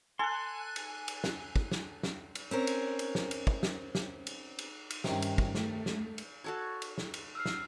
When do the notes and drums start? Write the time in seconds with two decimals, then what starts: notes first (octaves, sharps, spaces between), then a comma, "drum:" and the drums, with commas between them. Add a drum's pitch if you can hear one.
0.19 A4 G#5 C6 F#6
0.76 drum: cymbal
1.08 drum: cymbal
1.24 drum: snare
1.56 drum: kick
1.72 drum: snare
2.03 drum: snare
2.35 drum: cymbal
2.51 C4 C#4 A#4
2.67 drum: cymbal
2.99 drum: cymbal
3.15 drum: snare
3.31 drum: cymbal
3.47 drum: kick
3.63 drum: snare
3.95 drum: snare
4.27 drum: cymbal
4.59 drum: cymbal
4.90 drum: cymbal
5.04 G2 C3 D#3 C#4, drum: snare
5.22 drum: cymbal
5.38 drum: kick
5.55 A3, drum: snare
5.86 drum: snare
6.18 drum: cymbal
6.44 F#4 A4 C#5
6.82 drum: cymbal
6.98 drum: snare
7.14 drum: cymbal
7.35 E6 F6 C7
7.45 drum: snare